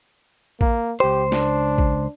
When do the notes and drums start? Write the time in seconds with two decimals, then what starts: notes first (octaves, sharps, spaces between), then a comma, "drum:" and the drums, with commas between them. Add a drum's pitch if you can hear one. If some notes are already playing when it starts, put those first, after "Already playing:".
0.61 A#3, drum: kick A1
1.00 C#2 G4 C5
1.32 D4, drum: snare
1.78 drum: kick A1